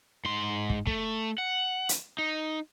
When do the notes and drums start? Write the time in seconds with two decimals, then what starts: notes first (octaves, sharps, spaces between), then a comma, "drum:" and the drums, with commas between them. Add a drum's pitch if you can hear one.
0.25 G#2 C6
0.70 drum: kick
0.87 A3, drum: kick
1.38 F#5
1.89 drum: hi-hat
2.18 D#4